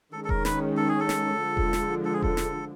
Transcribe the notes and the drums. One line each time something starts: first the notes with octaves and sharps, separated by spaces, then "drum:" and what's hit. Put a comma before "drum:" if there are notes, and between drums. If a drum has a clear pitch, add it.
D#3 G#3 C#4 A4
A4
A#4, drum: kick E1
B4, drum: snare
A4
G#4
A4
drum: snare
D3 F3 G#3
drum: kick E1
drum: snare
A4
G#4
A4, drum: kick E1
drum: snare